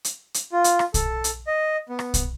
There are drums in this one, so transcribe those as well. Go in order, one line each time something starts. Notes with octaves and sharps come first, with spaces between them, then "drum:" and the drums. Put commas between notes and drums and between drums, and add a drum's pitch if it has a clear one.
drum: hi-hat
drum: hi-hat
F4
drum: hi-hat
drum: rim click
A4, drum: kick, hi-hat
drum: hi-hat
D#5
B3
drum: rim click
drum: kick, hi-hat